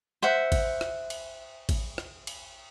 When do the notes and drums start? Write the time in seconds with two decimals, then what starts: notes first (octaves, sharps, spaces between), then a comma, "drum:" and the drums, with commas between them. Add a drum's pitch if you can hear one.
0.23 C5 E5 F#5
0.52 drum: kick A1, cymbal
0.81 drum: rim click
1.10 drum: cymbal
1.69 drum: kick A1, cymbal
1.98 drum: rim click
2.27 drum: cymbal